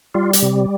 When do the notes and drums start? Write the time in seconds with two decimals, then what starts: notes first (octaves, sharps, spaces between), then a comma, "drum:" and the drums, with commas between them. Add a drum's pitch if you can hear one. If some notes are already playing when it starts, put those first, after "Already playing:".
0.14 G3 F4
0.33 drum: hi-hat
0.42 C3